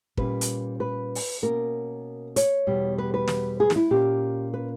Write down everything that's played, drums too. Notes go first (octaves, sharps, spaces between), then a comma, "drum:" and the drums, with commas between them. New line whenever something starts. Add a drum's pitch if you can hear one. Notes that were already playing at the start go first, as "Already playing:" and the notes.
A#2 G3 C#4 B4, drum: kick
drum: hi-hat
B4
drum: open hi-hat
B2 A#3 C#4 A#4
C#5, drum: hi-hat
E2 B2 G3
B4
B4
drum: snare
G#4
D#4, drum: snare
E4
A#2 A#3 C#4 G4
B4